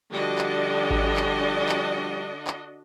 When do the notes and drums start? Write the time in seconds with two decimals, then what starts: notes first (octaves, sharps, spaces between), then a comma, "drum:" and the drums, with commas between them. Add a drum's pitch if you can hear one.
0.12 D3 F3 G3 D4 F#4 D#5
0.38 drum: clap
0.90 drum: kick G#1
1.17 drum: clap
1.69 drum: clap
2.47 drum: clap